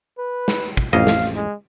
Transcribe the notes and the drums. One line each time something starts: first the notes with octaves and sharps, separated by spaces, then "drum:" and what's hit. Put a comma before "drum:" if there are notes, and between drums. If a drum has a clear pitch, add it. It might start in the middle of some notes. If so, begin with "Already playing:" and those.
B4
drum: snare
drum: kick
A1 F2 D#5 F5
drum: snare
G#3